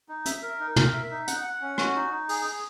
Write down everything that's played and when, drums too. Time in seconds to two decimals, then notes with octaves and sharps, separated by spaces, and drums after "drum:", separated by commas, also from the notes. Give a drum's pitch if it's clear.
0.09 D#4
0.25 E5, drum: hi-hat
0.43 A#4
0.60 D#4
0.76 A#4, drum: tom
0.93 E5
1.10 D#4
1.27 F#5, drum: hi-hat
1.44 F#5
1.61 C#4
1.78 F#4, drum: rim click
1.95 D#4
2.12 D#4
2.29 G#4, drum: open hi-hat
2.46 G#4